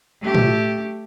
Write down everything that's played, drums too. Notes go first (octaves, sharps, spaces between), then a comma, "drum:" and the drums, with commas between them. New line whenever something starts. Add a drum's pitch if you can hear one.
A3 G4
drum: tom A2